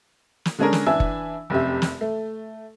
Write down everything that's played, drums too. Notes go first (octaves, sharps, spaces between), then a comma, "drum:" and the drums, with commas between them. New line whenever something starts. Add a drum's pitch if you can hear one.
drum: snare
D3 G#3 C#4 D4 G#4 A#4
drum: snare
E3 D4 E4 E5 G#5 E6
drum: kick F#1
F1 F#2 C3 G4 E5
drum: snare
A3